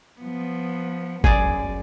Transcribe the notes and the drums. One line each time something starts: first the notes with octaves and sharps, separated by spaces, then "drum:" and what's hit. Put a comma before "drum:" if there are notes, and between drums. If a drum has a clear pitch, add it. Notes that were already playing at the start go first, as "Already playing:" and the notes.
F3 B3
F#2 G#4 D5, drum: kick F#1